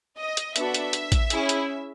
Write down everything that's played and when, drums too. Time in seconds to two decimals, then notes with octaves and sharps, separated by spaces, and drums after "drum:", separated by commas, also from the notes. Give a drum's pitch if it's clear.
0.18 D#5
0.37 drum: hi-hat
0.56 B3 D4 F#4 A4 E5, drum: hi-hat
0.74 drum: hi-hat
0.93 drum: hi-hat
1.12 drum: kick A1, hi-hat
1.30 C#4 E4 G#4, drum: hi-hat
1.49 drum: hi-hat